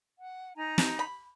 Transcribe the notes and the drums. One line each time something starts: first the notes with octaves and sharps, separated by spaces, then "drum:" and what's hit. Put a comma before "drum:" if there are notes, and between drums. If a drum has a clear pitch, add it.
F#5
D#4 G#5 A#5
drum: snare
B5